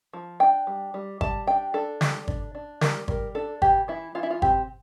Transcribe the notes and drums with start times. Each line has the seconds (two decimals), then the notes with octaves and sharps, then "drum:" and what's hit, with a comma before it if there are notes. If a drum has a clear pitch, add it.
0.13 F3
0.40 D4 G5
0.67 G3
0.94 G3
1.21 G3 A5, drum: kick G1
1.47 D4 G5
1.74 D4 A4
2.01 G3, drum: snare
2.28 D4, drum: kick G1
2.55 D4
2.81 G3 A#4, drum: snare
3.08 G3 A#4, drum: kick G1
3.35 D4 A4
3.62 E3 G4, drum: kick G1
3.88 E3 E4
4.15 E3 F4
4.23 E4
4.30 F4
4.42 C4 G4, drum: kick G1